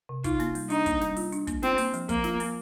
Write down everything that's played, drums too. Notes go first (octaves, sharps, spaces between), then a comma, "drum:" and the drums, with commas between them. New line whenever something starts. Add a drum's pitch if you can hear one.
C3
D#4 F4, drum: kick, hi-hat
A#3, drum: snare
G3, drum: open hi-hat
D4 D#4, drum: hi-hat
A#3, drum: kick, hi-hat
G3, drum: snare
F4, drum: open hi-hat
D4, drum: hi-hat
A#3, drum: kick, hi-hat
C4 F4, drum: snare
A#3, drum: open hi-hat
F3, drum: hi-hat
F3 A#3, drum: kick, hi-hat
F4, drum: snare
A#3, drum: open hi-hat